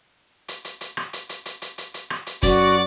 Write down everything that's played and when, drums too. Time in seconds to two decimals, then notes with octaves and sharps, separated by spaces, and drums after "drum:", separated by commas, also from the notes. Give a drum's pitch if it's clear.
0.48 drum: hi-hat
0.65 drum: hi-hat
0.81 drum: hi-hat
0.97 drum: rim click
1.13 drum: hi-hat
1.29 drum: hi-hat
1.45 drum: hi-hat
1.62 drum: hi-hat
1.78 drum: hi-hat
1.94 drum: hi-hat
2.10 drum: rim click
2.26 drum: hi-hat
2.43 F#2 F#4 D5, drum: kick, hi-hat